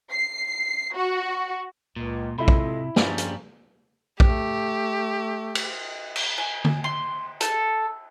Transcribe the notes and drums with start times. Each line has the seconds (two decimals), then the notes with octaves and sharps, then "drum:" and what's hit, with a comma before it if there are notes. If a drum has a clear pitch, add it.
0.11 C7
0.95 F#4
1.96 C#2 A#2
2.38 C3 G#3 E4 F4 A4 B5
2.48 drum: kick A#1
2.96 G2 F3 G3 A#3 C#4, drum: snare
3.18 drum: hi-hat
4.20 A3 G4, drum: kick A#1
5.55 drum: cymbal
6.16 drum: cymbal
6.38 G#5
6.64 drum: tom D3
6.84 C6
7.41 A4, drum: hi-hat